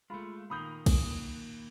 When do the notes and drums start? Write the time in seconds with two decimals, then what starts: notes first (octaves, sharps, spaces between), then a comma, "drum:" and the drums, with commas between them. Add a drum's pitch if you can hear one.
0.10 G#3 A3 F4 B5
0.50 A#2 D#3 A#3 B5 D#6 G6
0.86 drum: kick, cymbal